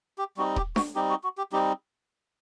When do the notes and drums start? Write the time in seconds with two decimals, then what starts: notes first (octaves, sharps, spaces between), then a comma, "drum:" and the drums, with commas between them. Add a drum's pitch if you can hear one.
0.18 G4
0.37 G3 C4 D#4 F#4
0.56 G4, drum: kick D#1
0.76 F#4, drum: snare D4
0.95 G3 C4 D#4 G4
1.10 F#4
1.24 F#4
1.38 G4
1.52 G3 C4 D#4 G4